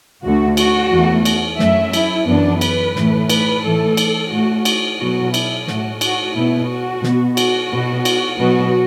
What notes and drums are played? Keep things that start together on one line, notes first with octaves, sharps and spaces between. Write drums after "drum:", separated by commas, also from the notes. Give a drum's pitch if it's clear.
D2 D3 A3 F#4
F#4, drum: cymbal
E2 E3 A3
drum: cymbal
F#2 F#3 A3 E5, drum: snare
E4, drum: cymbal
F#2 E3 B3 D4
B4, drum: cymbal
A2 E3 A3, drum: snare
B4, drum: cymbal
A2 E3 A3 A4
drum: cymbal
A2 A3 F#4
drum: cymbal
B2 F#3 B3 F#4
E4, drum: cymbal
A2 A3 F#4, drum: snare
F#4, drum: cymbal
B2 B3 E4
F#4
B2 B3, drum: snare
F#4, drum: cymbal
B2 B3
drum: cymbal
B2 F#3 B3 F#4